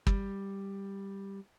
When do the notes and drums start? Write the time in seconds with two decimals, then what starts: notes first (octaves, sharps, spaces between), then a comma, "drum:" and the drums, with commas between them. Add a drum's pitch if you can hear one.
0.07 G3, drum: kick